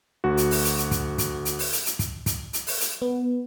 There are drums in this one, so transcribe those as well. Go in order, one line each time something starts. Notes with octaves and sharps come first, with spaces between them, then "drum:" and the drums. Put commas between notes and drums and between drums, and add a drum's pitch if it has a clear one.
D2 F#4
drum: hi-hat
drum: open hi-hat
drum: hi-hat
drum: hi-hat
drum: kick, hi-hat
drum: kick, hi-hat
drum: hi-hat
drum: open hi-hat
drum: hi-hat
drum: hi-hat
drum: kick, hi-hat
drum: kick, hi-hat
drum: hi-hat
drum: open hi-hat
drum: hi-hat
B3